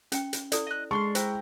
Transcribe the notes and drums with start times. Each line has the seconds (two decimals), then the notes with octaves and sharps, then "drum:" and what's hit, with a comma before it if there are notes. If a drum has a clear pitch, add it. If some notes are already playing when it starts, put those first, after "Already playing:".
0.12 C#4 G5, drum: hi-hat
0.33 drum: hi-hat
0.52 E4 A4 D5, drum: hi-hat
0.67 D#5 F#6
0.91 G#3 D4 C6 C#6 F6
1.15 E4 C5 G5 A#5, drum: hi-hat